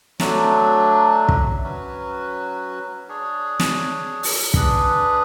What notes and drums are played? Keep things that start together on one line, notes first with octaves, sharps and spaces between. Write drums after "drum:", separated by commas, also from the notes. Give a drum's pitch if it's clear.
F#3 A3 D4, drum: snare
drum: kick
F#3 C#4 F#4 B4
D4 G#4 C#5
drum: snare
drum: open hi-hat
D4 G#4 B4, drum: kick